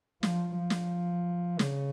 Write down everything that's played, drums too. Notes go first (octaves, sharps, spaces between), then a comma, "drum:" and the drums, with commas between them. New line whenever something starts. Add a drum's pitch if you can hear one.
F3, drum: snare
F3
drum: snare
C#3, drum: snare